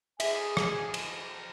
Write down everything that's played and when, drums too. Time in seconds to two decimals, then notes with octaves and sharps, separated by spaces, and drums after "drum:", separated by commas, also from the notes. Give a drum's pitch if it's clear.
0.20 G#4 E5 G#5, drum: cymbal
0.57 drum: rim click
0.94 drum: cymbal